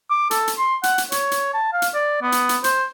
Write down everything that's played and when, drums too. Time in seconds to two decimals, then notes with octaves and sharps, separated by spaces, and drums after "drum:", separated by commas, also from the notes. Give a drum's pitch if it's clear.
0.10 D6
0.31 A4, drum: hi-hat
0.48 drum: hi-hat
0.58 C6
0.83 F#5, drum: hi-hat
0.98 drum: hi-hat
1.12 C#5, drum: hi-hat
1.31 drum: hi-hat
1.54 A5
1.73 F5
1.82 drum: hi-hat
1.94 D5
2.22 B3
2.32 drum: hi-hat
2.49 drum: hi-hat
2.64 C5, drum: hi-hat